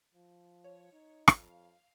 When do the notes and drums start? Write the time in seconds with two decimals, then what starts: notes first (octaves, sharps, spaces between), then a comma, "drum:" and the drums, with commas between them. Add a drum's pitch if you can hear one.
0.15 F3
0.64 C#5
0.93 D#4
1.28 F2 F5, drum: rim click